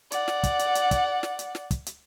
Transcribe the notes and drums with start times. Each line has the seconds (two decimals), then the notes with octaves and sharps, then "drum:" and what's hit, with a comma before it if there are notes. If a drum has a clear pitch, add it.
0.12 D5 F#5, drum: hi-hat
0.28 drum: snare
0.43 drum: kick, hi-hat
0.59 drum: hi-hat
0.75 drum: hi-hat
0.91 drum: kick, hi-hat
1.23 drum: snare
1.39 drum: hi-hat
1.55 drum: snare
1.71 drum: kick, hi-hat
1.86 drum: hi-hat